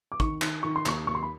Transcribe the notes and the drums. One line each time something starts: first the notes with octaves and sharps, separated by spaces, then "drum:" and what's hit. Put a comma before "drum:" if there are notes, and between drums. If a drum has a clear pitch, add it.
D6
D#3 C#6, drum: kick
D#3, drum: clap
D#3 C#6
C6
D#2 C#6, drum: clap
D#2 C#6
C6
B5